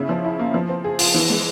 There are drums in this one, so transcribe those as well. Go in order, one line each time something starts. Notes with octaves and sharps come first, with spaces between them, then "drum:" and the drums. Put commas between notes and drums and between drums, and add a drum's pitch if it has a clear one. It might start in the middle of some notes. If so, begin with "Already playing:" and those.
Already playing: C#3 E4
F3
E4
A#3
F3
C4
G#4
F4, drum: open hi-hat
E3
G#3